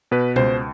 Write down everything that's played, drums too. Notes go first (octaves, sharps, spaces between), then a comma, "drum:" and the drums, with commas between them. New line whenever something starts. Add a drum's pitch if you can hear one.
B2 B4
C#2 C5, drum: tom B2